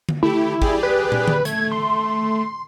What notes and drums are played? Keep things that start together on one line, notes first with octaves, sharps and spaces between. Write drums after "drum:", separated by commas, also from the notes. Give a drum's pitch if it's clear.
drum: tom D3
A3 E4 G4
G4 G#4 D5, drum: kick
B4
drum: tom
drum: tom D3
A3 G#6, drum: hi-hat
C6